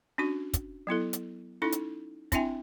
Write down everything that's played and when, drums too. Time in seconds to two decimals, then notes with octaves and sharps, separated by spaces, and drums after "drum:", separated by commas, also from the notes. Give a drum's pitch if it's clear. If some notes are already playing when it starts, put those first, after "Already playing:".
0.18 C#4 D4 F#4 C#6
0.53 drum: kick, hi-hat
0.87 F#3 B3 E4 A4
1.13 drum: hi-hat
1.62 C#4 D#4 E4 A4 C#6
1.72 drum: hi-hat
2.32 C4 D4 E4 E5 G5 G#5, drum: kick, hi-hat